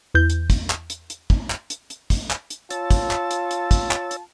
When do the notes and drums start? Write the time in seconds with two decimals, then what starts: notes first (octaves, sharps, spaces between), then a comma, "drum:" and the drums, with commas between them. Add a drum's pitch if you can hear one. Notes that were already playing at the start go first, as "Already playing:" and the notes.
0.14 E2 G6
0.30 drum: hi-hat
0.50 drum: kick, hi-hat
0.70 drum: clap
0.90 drum: hi-hat
1.10 drum: hi-hat
1.30 drum: kick
1.50 drum: clap
1.70 drum: hi-hat
1.90 drum: hi-hat
2.10 drum: kick, hi-hat
2.30 drum: clap
2.50 drum: hi-hat
2.70 F4 C#5 A5 E6 A6, drum: hi-hat
2.91 drum: kick, hi-hat
3.11 drum: clap
3.31 drum: hi-hat
3.51 drum: hi-hat
3.71 drum: kick, hi-hat
3.91 drum: clap
4.11 drum: hi-hat